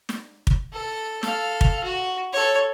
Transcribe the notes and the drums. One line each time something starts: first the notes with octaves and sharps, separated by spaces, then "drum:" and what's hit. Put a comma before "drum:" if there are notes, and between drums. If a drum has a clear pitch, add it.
drum: snare
drum: kick
A4
A4 F5, drum: snare
drum: kick
F#4
A4 C#5